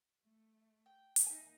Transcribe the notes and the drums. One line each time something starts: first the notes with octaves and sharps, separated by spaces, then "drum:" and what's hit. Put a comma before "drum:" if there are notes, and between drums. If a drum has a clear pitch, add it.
A3
G5
drum: hi-hat
A#3 D#4 E5 G#5